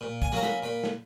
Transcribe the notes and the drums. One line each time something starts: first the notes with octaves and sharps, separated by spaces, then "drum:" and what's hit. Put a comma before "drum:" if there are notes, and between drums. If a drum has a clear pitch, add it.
A#2
G#5, drum: kick
F#3 A#3 C#4 A#5
B5, drum: snare
A#2 B5
drum: snare